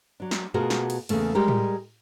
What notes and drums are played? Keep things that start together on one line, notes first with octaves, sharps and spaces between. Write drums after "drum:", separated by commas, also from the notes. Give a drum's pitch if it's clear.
F#3 D4
drum: snare
B2 A3 F4 F#4 G#4 A#4
drum: snare
drum: cymbal
E2 G#2 C#3 A3 A#3, drum: cymbal
G3 G#3 G4 A#4
drum: tom A2